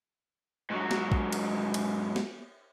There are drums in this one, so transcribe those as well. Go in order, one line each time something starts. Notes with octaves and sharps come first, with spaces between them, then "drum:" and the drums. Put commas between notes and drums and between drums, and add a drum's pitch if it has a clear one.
G#2 F#3
drum: snare
drum: kick
drum: cymbal
drum: cymbal
drum: snare